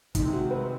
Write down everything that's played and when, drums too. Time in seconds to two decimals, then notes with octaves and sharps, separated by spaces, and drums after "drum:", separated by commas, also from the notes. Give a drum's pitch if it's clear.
0.15 C3 D#3 G#3 C4 D#4, drum: kick, hi-hat
0.33 F#4
0.50 B4